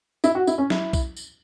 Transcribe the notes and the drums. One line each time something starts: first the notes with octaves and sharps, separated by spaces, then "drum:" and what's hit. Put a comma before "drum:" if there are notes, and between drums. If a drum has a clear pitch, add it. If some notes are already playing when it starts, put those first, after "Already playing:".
E4, drum: tambourine
F#4
E4, drum: tambourine
C#4
E4, drum: snare
drum: kick B1, tambourine
drum: tambourine